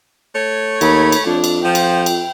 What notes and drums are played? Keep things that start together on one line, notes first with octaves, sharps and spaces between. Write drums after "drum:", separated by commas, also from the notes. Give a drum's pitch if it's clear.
A3 C#5
D#2 B5, drum: cymbal
drum: cymbal
F2 D4
drum: cymbal
F3 G5
drum: cymbal
drum: cymbal